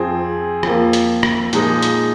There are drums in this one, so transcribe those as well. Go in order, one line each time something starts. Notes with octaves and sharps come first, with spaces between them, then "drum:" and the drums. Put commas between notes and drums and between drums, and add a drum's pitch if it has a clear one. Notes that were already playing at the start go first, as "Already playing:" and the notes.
Already playing: F2 F3 C4 G#4
F2 F3 A#3, drum: rim click
drum: hi-hat
drum: rim click
A#2 F3 G#3 D#4 G#4, drum: hi-hat
drum: hi-hat